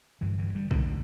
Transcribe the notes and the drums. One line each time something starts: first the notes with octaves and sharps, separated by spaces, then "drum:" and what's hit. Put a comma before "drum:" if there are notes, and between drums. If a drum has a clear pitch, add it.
A1 G2 D3 E3
E3
G2 G3
B1 A2 D3 D4, drum: kick